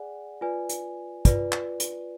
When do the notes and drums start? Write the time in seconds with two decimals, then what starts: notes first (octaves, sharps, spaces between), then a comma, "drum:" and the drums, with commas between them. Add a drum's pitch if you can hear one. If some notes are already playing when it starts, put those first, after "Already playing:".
Already playing: G#4 D5 F#5 G#5
0.41 F4 B4 D5 G#5
0.69 drum: hi-hat
1.25 F4 B4 D5, drum: kick, hi-hat
1.52 drum: clap
1.80 drum: hi-hat